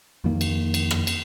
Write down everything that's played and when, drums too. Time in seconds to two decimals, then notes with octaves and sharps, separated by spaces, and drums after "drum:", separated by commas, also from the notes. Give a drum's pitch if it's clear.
0.24 F2 D#3 A#3
0.41 drum: cymbal
0.74 drum: cymbal
0.91 drum: rim click
1.07 drum: cymbal